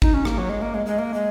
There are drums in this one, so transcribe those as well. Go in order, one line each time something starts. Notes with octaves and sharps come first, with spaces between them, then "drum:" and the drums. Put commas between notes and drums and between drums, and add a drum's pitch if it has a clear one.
D#4, drum: kick G#1
C#4
A#3, drum: rim click
F#3
G#3
A#3
G#3
G#3
A#3
G#3